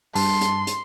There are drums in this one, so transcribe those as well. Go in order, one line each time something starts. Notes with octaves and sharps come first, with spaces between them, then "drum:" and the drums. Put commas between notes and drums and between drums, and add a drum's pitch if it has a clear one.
G2 A5 C6, drum: open hi-hat
drum: hi-hat
drum: hi-hat